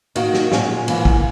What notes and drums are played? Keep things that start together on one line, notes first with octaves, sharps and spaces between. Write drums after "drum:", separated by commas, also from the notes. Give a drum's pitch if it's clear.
D#3 A#3 D#4 F#4, drum: cymbal
drum: snare
A#2 G#3 C#4, drum: snare
G#2 E3 A#3, drum: cymbal
drum: kick